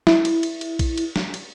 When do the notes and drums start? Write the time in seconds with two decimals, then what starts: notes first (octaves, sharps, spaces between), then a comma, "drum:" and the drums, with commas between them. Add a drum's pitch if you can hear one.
0.07 E4, drum: snare
0.25 drum: cymbal
0.43 drum: cymbal
0.61 drum: cymbal
0.79 drum: kick A#1, cymbal
0.98 drum: cymbal
1.16 drum: snare
1.34 drum: cymbal